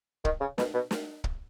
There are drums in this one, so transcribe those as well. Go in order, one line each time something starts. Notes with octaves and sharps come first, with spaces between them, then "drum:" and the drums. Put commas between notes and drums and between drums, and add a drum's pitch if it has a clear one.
D#3, drum: kick
C#3
B2, drum: snare
B2
drum: snare
drum: kick